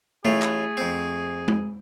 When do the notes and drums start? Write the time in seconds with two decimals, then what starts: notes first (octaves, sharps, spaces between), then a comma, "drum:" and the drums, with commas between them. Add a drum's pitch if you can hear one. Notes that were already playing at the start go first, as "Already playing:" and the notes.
0.25 A1 A2 A3 F4 G#4
0.42 drum: clap
0.77 F2 C4
1.48 drum: tom G#3